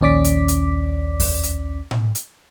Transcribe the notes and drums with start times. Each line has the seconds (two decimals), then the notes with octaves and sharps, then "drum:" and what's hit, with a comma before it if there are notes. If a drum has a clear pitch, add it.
0.01 A#1 D#2 C#4 D5 D6 B6
0.24 drum: hi-hat
0.48 drum: hi-hat
1.20 drum: kick F2, open hi-hat
1.43 drum: hi-hat
1.91 drum: tom A2
2.15 drum: hi-hat